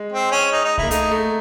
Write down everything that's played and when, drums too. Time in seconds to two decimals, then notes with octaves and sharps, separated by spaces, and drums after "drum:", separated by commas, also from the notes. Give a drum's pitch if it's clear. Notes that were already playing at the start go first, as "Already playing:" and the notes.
Already playing: G#3
0.13 C4
0.32 C#4
0.52 D#4
0.65 D#4
0.78 E4, drum: kick C2
0.83 A#3
0.91 A3 D#4, drum: hi-hat
1.11 A3